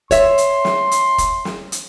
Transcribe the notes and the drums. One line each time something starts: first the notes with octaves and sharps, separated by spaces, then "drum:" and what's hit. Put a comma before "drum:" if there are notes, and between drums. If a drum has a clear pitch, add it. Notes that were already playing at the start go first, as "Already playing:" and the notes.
C#5 E5 C6, drum: kick, hi-hat
drum: hi-hat
drum: snare
drum: hi-hat
drum: kick, hi-hat
drum: snare
drum: hi-hat